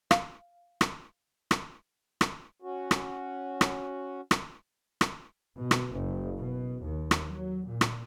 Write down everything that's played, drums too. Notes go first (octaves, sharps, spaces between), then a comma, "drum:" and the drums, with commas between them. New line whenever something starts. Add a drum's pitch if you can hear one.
F5, drum: rim click
drum: rim click
drum: rim click
drum: rim click
C#4 F#4
drum: rim click
drum: rim click
drum: rim click
drum: rim click
B2
drum: rim click
F#1
B2
D#2
drum: rim click
F#3
A#2
drum: rim click